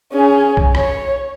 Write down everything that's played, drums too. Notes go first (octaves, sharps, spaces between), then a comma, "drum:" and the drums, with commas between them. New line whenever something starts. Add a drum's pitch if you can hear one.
C#4 G#4
drum: kick B1
C#5, drum: rim click